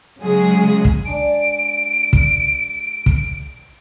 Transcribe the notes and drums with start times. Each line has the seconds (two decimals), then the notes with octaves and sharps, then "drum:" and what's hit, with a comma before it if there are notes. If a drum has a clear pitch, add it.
0.20 C#3 F#3 G#3 G#4
0.85 drum: kick
1.05 G#3 D4 D5 D7
2.13 drum: kick
3.06 drum: kick